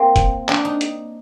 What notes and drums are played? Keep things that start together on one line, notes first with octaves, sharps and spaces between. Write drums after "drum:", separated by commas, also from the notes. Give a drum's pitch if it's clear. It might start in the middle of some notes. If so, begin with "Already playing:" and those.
Already playing: A#3 C4
drum: kick, hi-hat
D4, drum: clap
D#4
drum: hi-hat